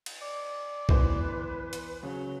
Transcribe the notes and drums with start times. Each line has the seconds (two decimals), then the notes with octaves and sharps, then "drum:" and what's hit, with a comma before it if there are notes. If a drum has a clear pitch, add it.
0.06 drum: cymbal
0.22 D5
0.89 E3 B3 B4 C5, drum: kick C2
1.73 drum: hi-hat
2.03 C#3 F#3